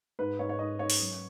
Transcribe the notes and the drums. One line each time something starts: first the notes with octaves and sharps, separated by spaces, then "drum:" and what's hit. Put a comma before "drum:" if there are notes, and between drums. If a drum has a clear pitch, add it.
G#2 B4
G#2 C#5
C#5
G#2 D#5
G#2 C#5
drum: open hi-hat
F#2